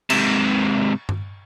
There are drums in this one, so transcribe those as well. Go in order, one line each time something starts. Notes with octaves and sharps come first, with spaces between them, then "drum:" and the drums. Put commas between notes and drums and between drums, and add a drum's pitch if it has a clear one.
G#2 C3, drum: cymbal
drum: tom G2